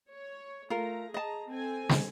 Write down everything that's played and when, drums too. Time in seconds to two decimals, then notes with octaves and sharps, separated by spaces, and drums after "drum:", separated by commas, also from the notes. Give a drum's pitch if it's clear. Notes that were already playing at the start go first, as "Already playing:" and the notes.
0.11 C#5
0.70 A3 F4 A#4 A#5
1.14 G#4 D#5 A5 A#5
1.50 C4 A4 G#5
1.89 drum: snare